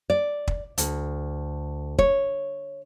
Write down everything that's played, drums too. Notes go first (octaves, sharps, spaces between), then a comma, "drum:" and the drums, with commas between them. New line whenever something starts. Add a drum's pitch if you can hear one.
D5
drum: kick
D2, drum: hi-hat
C#5, drum: kick